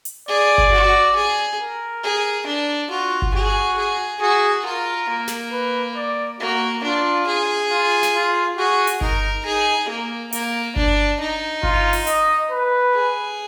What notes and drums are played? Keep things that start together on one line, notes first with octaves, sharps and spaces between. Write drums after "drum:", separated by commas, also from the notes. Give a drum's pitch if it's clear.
drum: hi-hat
G#4 D5
drum: kick G1
F#4
G#4
A#4
G#4
D4
F4 F#4
drum: kick G1
F#4 G#4
G#4
F#4 G#4
F4 A#4
A#3
drum: snare
B4
D5
A#3 F#4
D4 F4
G#4
F4
drum: snare
F4
F#4 G#4
drum: hi-hat
D#4 A#4, drum: kick G1
D#4 G#4
A#3
A#3, drum: hi-hat
D4, drum: kick G1
D#4
F4, drum: kick G1
drum: open hi-hat
D#5, drum: hi-hat
B4
G#4